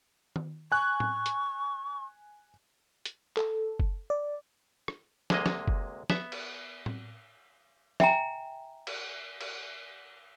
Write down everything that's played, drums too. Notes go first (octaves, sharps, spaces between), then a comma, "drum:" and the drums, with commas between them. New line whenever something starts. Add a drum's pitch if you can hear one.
drum: tom D#3
G#5 C#6 F#6
drum: tom A2
drum: hi-hat
drum: hi-hat
A4, drum: clap
drum: kick F#1
D5
drum: rim click
D2 C3 G#3 A#3 D#5, drum: snare
drum: snare
drum: kick F#1
B3 E5, drum: snare
drum: cymbal
drum: tom A2
E5 G5 G#5 A#5, drum: snare
drum: cymbal
drum: cymbal